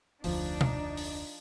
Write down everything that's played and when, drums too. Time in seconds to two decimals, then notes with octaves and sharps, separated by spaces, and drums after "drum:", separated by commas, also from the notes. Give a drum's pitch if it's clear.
0.24 F1 D2 F3 D4 D#4, drum: open hi-hat
0.61 drum: tom B2
0.97 drum: open hi-hat